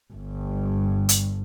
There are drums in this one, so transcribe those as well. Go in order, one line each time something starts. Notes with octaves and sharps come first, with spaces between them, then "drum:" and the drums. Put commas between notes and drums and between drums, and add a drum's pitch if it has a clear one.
G1 G2
drum: hi-hat